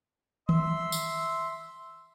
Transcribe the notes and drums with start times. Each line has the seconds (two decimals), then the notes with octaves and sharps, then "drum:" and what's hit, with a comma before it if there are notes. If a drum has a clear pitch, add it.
0.49 E5 C6 E6, drum: tom D#3
0.92 drum: tambourine